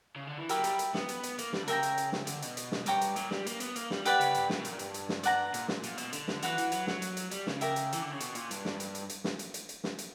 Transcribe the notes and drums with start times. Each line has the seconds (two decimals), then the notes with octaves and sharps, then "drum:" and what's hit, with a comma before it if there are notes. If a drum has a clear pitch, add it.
0.16 C#3
0.27 D3
0.38 E3
0.49 F#3 G4 A#4 E5 B5, drum: hi-hat
0.57 A#3
0.64 G3, drum: hi-hat
0.79 drum: hi-hat
0.94 B3, drum: snare
1.09 drum: hi-hat
1.23 drum: hi-hat
1.39 A#3, drum: hi-hat
1.53 G3, drum: snare
1.63 D3
1.68 C#3 A#4 E5 G5 A#5, drum: hi-hat
1.83 drum: hi-hat
1.98 drum: hi-hat
2.12 drum: snare
2.27 D3, drum: hi-hat
2.42 B2, drum: hi-hat
2.57 drum: hi-hat
2.72 drum: snare
2.86 G2 C#5 G5 A#5 D6, drum: hi-hat
3.01 drum: hi-hat
3.16 A#2, drum: hi-hat
3.31 G3, drum: snare
3.47 A#3, drum: hi-hat
3.60 B3, drum: hi-hat
3.76 A#3, drum: hi-hat
3.91 G3, drum: snare
4.05 G4 B4 D5 F#5, drum: hi-hat
4.21 C#3, drum: hi-hat
4.34 G2, drum: hi-hat
4.50 A#2, drum: snare
4.59 B2
4.65 A#2, drum: hi-hat
4.79 G2, drum: hi-hat
4.94 drum: hi-hat
5.09 drum: snare
5.23 D5 F#5 A#5, drum: hi-hat
5.54 A#2, drum: hi-hat
5.68 drum: snare
5.83 A#2, drum: hi-hat
5.98 B2, drum: hi-hat
6.13 D3, drum: hi-hat
6.28 drum: snare
6.42 E3 F#4 B4 F#5, drum: hi-hat
6.58 E3, drum: hi-hat
6.72 F#3, drum: hi-hat
6.87 drum: snare
7.02 drum: hi-hat
7.17 drum: hi-hat
7.31 G3, drum: hi-hat
7.47 C#3, drum: snare
7.61 G4 A#4 E5, drum: hi-hat
7.76 drum: hi-hat
7.93 E3, drum: hi-hat
8.02 D3
8.12 C#3
8.20 B2, drum: hi-hat
8.35 A#2, drum: hi-hat
8.51 G2, drum: hi-hat
8.65 drum: snare
8.80 drum: hi-hat
8.95 drum: hi-hat
9.10 drum: hi-hat
9.24 drum: snare
9.39 drum: hi-hat
9.54 drum: hi-hat
9.69 drum: hi-hat
9.84 drum: snare
9.99 drum: hi-hat